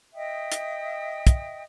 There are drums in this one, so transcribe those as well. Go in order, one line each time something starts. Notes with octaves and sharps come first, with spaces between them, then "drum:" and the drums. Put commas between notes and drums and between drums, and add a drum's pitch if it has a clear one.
D#5 E5 G5 D#6
drum: hi-hat
drum: kick, hi-hat